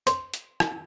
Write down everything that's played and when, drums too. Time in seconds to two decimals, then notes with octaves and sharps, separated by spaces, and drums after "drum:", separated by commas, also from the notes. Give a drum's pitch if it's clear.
0.07 C5, drum: hi-hat
0.34 drum: hi-hat
0.60 drum: rim click